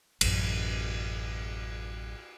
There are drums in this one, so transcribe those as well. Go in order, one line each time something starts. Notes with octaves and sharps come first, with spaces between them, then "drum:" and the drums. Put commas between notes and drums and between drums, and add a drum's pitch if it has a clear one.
A1 F#2, drum: cymbal